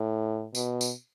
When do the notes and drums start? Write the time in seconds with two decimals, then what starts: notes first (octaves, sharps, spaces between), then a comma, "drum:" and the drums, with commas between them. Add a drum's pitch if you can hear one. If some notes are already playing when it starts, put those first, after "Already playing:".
Already playing: A2
0.55 B2, drum: tambourine
0.81 drum: tambourine